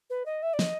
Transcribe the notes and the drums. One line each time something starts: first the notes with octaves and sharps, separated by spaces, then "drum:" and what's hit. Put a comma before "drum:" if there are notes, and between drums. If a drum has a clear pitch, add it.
B4
D#5
E5
D5
D#5, drum: snare